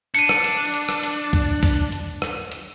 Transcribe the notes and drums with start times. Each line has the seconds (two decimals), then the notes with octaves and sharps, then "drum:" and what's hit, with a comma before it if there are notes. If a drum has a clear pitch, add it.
0.15 D4 C#7 D#7, drum: hi-hat
0.29 drum: rim click
0.44 drum: hi-hat
0.74 drum: hi-hat
0.89 drum: rim click
1.03 drum: hi-hat
1.33 drum: kick C2
1.63 drum: kick C2, open hi-hat
1.92 drum: hi-hat
2.22 drum: rim click
2.52 drum: hi-hat